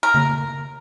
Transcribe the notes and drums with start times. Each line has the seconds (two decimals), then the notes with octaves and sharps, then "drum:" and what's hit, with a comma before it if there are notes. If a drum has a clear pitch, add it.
0.03 A#4
0.14 drum: tom C#3